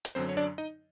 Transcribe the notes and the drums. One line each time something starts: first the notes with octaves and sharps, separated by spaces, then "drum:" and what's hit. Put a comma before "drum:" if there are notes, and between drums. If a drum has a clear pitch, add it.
drum: hi-hat
F#2 D3 F#3 C4 C5
C#5
D4 D5
D#4 D#5